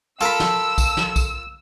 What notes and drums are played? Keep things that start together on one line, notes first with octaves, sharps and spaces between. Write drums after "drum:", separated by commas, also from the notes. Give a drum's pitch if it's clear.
F4 A4 A#4 B5 E6
drum: snare
drum: kick B1, tambourine
drum: snare
drum: kick B1, tambourine